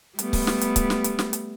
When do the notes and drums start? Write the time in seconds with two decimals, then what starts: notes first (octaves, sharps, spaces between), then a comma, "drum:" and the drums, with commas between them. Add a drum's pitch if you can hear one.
0.19 G3 A3 B3, drum: hi-hat
0.33 drum: kick C#1, open hi-hat
0.47 drum: snare
0.61 drum: hi-hat
0.76 drum: kick C#1, hi-hat
0.90 drum: snare
1.04 drum: hi-hat
1.19 drum: snare
1.33 drum: hi-hat